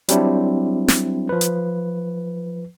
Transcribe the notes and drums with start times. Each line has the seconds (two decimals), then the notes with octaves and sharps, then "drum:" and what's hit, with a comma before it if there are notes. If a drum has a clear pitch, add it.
0.09 F#3 G3 C4 D4 E4, drum: hi-hat
0.88 drum: snare
1.29 F3 B4
1.41 drum: hi-hat